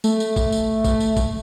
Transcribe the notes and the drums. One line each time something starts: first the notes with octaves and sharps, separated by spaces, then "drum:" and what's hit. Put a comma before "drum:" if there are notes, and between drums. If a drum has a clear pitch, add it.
A3, drum: tambourine
drum: tambourine
drum: kick, tambourine
drum: tambourine
drum: kick, tambourine
drum: tambourine
drum: kick, tambourine